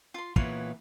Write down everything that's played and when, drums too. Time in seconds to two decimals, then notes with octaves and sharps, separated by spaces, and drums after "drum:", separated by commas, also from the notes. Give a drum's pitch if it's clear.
0.14 F4 C6
0.36 A#2 E3 B3 B4 C#5 F5, drum: kick